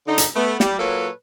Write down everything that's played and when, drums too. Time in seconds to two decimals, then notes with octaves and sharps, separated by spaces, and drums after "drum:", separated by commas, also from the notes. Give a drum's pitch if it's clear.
0.07 D3 D#4
0.18 drum: hi-hat
0.36 A3 B3
0.60 G3, drum: snare
0.79 A#2 F#3 A#3 A4 B4 C#5